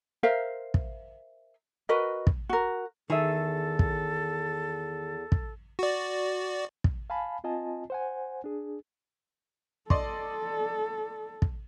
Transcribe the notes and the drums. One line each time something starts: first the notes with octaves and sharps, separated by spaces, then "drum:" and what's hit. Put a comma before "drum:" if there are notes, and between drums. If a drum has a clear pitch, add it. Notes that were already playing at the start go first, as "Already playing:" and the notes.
A#4 C5 E5 F5
drum: kick
F#4 A#4 B4 D#5
drum: kick
F#4 A#4
E2 D#3 G#4 A4 E5
drum: kick
drum: kick
F#4 D5
drum: kick
F5 G#5 A5 B5
C4 F4 D#5 G#5 A5
C5 F#5 G#5
D4 G#4
A4 D5 D#5 C6, drum: kick
drum: kick